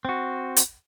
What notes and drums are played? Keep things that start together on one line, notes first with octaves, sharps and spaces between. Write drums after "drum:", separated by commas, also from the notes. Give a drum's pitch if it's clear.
C4 F#4
drum: hi-hat